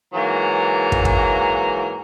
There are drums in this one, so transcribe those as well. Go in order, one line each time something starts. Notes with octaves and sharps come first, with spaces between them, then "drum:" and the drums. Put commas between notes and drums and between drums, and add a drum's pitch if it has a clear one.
G#2 E3 F#3 A#3 A#5
drum: kick
drum: kick